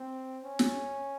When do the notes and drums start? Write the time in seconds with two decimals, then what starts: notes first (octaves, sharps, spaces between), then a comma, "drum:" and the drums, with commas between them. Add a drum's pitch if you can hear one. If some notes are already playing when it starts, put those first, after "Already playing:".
Already playing: C4
0.44 C#4
0.59 drum: snare